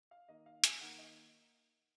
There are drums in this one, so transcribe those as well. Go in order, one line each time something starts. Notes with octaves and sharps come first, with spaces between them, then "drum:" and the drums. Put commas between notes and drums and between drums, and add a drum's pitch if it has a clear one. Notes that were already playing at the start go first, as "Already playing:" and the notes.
F5
D#3 A#3 D#5
F5
G#5, drum: hi-hat
D#3 A#3 F#5
D#5